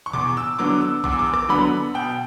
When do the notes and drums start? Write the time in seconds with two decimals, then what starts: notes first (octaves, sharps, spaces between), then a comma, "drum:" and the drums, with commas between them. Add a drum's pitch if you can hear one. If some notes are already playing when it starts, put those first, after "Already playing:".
0.06 C#6
0.13 E2 D6, drum: tom A#2
0.37 E6
0.59 D3 F#3 B3 D6
0.81 E6
1.04 E2 D6, drum: kick A#1
1.12 E6
1.19 D6
1.26 E6
1.34 D6, drum: rim click
1.49 D3 F#3 B3 B5
1.94 B2 G5